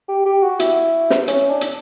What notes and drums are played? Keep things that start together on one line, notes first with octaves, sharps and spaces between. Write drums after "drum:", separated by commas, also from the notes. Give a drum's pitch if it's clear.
G4
G4
F#4
E4, drum: hi-hat
drum: snare
C#4, drum: hi-hat
D4
drum: hi-hat